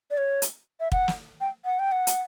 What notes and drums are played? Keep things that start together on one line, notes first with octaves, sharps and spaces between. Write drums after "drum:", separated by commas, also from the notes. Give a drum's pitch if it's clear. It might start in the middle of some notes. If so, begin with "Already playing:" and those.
D5
C#5
drum: hi-hat
E5
F#5, drum: kick
drum: snare
G5
F#5
G5
F#5
drum: hi-hat